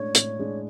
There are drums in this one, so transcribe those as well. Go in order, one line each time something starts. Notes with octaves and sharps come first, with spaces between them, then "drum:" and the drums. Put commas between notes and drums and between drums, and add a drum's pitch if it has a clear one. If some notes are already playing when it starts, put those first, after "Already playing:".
Already playing: A2 G#3 D4 C#5
A2, drum: hi-hat
G#3 D4